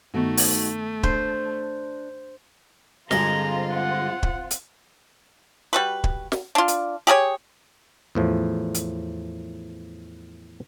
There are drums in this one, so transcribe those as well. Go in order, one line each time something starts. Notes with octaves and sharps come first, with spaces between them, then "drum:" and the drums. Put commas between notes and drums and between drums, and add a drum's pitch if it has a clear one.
G2 D#3 A3 B3 D#4 F#4
drum: open hi-hat
D4 C5, drum: kick
G2 D3 G3 G#3 C4 F4 D#5 A#5, drum: snare
F#5
drum: kick
drum: hi-hat
G3 F#4 B4
drum: kick
drum: snare
D4 F4
drum: hi-hat
G4 G#4 A#4 C#5
E2 A2 F3
drum: hi-hat